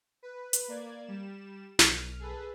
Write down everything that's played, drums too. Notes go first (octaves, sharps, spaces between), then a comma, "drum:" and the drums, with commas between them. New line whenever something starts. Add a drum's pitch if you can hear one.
B4
drum: hi-hat
A#3 D5 G#6
G3 E7
B1 F6, drum: snare
G#4 A4 B4